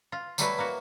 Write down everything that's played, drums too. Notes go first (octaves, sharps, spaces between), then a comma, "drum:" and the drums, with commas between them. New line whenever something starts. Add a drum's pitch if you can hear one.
F4
F#3 G3 A3 E4 F#4 B4, drum: tambourine
A#3 F#4